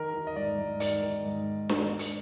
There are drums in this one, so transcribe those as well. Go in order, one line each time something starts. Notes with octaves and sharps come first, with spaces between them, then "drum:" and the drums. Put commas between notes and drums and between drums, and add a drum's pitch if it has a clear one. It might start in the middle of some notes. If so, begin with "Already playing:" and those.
Already playing: D#3 A#4
D#3
D#5
G#2 D5
G#2
D#3 D5, drum: hi-hat
D#3
G#2
drum: snare D4
drum: hi-hat